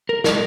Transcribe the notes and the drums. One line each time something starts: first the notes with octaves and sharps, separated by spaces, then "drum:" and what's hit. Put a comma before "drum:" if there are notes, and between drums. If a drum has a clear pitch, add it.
A#4
A#4, drum: snare